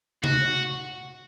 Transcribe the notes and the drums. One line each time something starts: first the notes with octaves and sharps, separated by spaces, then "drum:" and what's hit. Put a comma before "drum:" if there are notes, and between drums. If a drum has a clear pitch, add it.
F#4, drum: tom C3